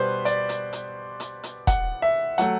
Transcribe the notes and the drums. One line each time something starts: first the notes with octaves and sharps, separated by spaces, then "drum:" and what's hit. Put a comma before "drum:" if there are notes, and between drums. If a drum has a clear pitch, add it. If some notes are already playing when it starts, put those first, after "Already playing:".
Already playing: B2 G3 B4 C5
D5, drum: hi-hat
drum: hi-hat
drum: hi-hat
drum: hi-hat
drum: hi-hat
F#5, drum: kick, hi-hat
E5
F#3 A3 F#5, drum: hi-hat